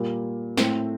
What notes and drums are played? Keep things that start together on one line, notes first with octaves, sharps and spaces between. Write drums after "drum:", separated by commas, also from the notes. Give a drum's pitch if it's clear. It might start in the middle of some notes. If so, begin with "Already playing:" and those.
Already playing: A#2 G3 A#3
A2 A3 C4, drum: snare